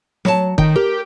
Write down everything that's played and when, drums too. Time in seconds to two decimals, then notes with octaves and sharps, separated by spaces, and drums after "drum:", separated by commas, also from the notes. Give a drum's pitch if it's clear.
0.25 F#3 A5, drum: snare
0.58 D#3 G5, drum: kick F1
0.76 G4 A#4